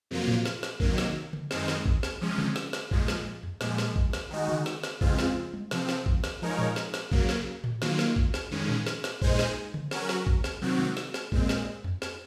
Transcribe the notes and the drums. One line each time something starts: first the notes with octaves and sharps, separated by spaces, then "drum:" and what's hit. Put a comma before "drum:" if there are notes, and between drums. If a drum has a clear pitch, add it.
F2 C3 F#3 A#3 F4
drum: tom A2
drum: snare
drum: snare
C3 D#3 F#3 A#3, drum: kick A1
drum: snare
drum: tom C#3
F#2 D#3 G#3 C4 D#4, drum: snare
drum: snare
drum: kick A1
drum: snare
C3 F3 G#3 C#4
drum: tom C#3
drum: snare
drum: snare
A#2 F3 G#3, drum: kick A1
drum: snare
drum: tom E2
A#2 F3 G#3, drum: snare
drum: snare
drum: kick A1
drum: snare
D#3 G#3 D#4 F#4
drum: tom C#3
drum: snare
drum: snare
F2 C#3 G#3 C4 F4, drum: kick A1
drum: snare
drum: tom
C3 F3 C4, drum: snare
drum: snare
drum: kick A1
drum: snare
F3 G#3 D#4 A#4 C#5
drum: tom A2
drum: snare
drum: snare
C#3 F#3 A#3, drum: kick A1
drum: snare
drum: tom A2
D#3 F#3 A#3 F4, drum: snare
drum: snare
drum: kick A1
drum: snare
F2 D#3 G#3 C#4
drum: tom A2
drum: snare
drum: snare
A#2 G#3 D#4 G#4 C5, drum: kick A1
drum: snare
drum: tom C#3
F#3 C#4 F#4 A#4, drum: snare
drum: snare
drum: kick A1
drum: snare
C3 D#3 F#3 C4 F#4
drum: tom
drum: snare
drum: snare
A#2 G#3 C4, drum: kick A1
drum: snare
drum: tom E2
drum: snare